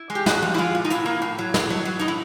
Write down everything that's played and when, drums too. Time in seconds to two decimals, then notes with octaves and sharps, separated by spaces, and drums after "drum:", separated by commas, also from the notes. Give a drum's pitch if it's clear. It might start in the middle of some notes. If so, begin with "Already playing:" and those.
Already playing: E4
0.10 G#3
0.15 G4
0.26 G#3 F#4, drum: snare
0.42 F3
0.54 E4
0.58 G#3 F4
0.75 A#2
0.85 D#4
0.90 A2 E4, drum: hi-hat
1.06 A#3
1.22 A2
1.38 F#3
1.54 A2, drum: snare
1.70 F#3
1.85 F#3
1.99 A2 D#4
2.08 E4